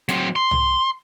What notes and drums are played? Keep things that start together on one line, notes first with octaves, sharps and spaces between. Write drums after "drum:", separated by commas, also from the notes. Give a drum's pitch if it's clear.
F#3 C4, drum: hi-hat
C6
drum: tom C2